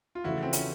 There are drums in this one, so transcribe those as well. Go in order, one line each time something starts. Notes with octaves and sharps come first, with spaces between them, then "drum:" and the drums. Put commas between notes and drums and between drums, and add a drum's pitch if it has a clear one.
F4
E2 C#3 F3 A3 E4 F#4
C4
C#4, drum: hi-hat